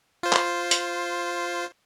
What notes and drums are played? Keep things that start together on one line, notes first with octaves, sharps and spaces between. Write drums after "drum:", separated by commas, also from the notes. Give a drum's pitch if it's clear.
F4 C5
drum: clap
drum: hi-hat